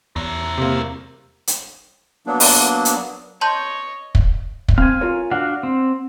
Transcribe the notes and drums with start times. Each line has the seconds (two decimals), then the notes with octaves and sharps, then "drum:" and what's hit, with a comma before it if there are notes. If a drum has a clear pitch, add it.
0.16 E2 E4 A#4
0.58 C3 A#3
1.47 drum: hi-hat
2.27 F#3 A#3 B3 D4
2.40 drum: open hi-hat
2.85 drum: hi-hat
3.41 C#5 D#5 A5 C6 G6
4.15 drum: kick
4.68 drum: kick
4.78 C4 F5 G#5
5.01 F4 A#4 C#5
5.31 D4 F#4 F5 F#5
5.63 C4